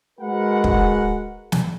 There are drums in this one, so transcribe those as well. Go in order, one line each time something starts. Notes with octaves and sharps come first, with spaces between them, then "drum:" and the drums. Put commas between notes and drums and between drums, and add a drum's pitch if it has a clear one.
G#3 F#4 A#4 B4 F#5
drum: kick
drum: snare